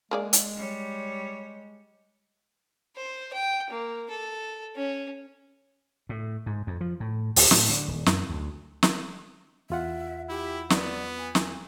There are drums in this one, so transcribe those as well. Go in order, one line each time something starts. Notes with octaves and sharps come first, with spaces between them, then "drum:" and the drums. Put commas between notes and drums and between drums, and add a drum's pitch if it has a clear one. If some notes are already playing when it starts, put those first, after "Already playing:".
G#3 A#3 G#4 D5
drum: hi-hat
G3 C#5
C5
G5
A#3
A4
C#4
A2
G#2
F2
F3
A2
D2, drum: open hi-hat
A2, drum: snare
D3
D#1
F#2, drum: snare
D2
drum: snare
E2 F4 E5 F#5
E4 G4
B3 D5, drum: snare
G#5
drum: snare